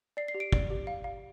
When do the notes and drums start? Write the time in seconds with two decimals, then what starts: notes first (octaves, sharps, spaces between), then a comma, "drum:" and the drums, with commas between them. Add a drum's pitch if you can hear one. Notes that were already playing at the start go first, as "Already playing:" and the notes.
0.17 D5 C7
0.28 C7
0.34 G4
0.40 D7
0.52 D5, drum: kick
0.70 G4
0.87 F5
1.04 F5